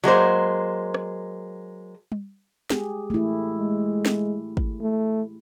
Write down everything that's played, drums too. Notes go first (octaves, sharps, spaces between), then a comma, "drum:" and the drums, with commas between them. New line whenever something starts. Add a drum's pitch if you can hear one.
F#3 G#3 A#3 C5
drum: rim click
drum: tom G3
G#3 G4 G#4, drum: snare
A3 E4
G#3
drum: snare
drum: kick
A3